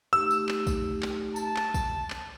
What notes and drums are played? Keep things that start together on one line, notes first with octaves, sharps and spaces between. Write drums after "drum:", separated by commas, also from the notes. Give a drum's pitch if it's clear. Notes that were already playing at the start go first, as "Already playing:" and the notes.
A3 D#4 G4 E6
drum: tambourine
drum: clap
drum: kick, tambourine
drum: clap
A5, drum: tambourine
drum: clap
drum: kick, tambourine
drum: clap